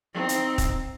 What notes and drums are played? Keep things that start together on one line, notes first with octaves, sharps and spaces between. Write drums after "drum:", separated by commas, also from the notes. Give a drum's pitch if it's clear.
C4 D#4
drum: hi-hat
drum: kick, hi-hat